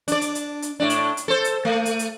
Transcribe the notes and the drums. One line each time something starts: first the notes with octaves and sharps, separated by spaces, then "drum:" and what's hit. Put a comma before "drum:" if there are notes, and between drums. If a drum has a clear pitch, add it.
D4 D5, drum: hi-hat
drum: hi-hat
drum: hi-hat
drum: hi-hat
A2 D4
drum: hi-hat
drum: hi-hat
A4 C5
drum: hi-hat
A3
drum: hi-hat
drum: hi-hat